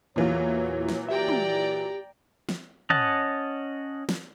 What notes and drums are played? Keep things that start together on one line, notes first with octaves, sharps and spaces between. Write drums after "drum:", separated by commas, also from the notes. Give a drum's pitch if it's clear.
E2 A#2 E3 F#3 F4 C#5
drum: snare
G4 D5 E5 G5 A#5
drum: tom
drum: snare
C#4 D#5 F#5 A5, drum: tom
drum: snare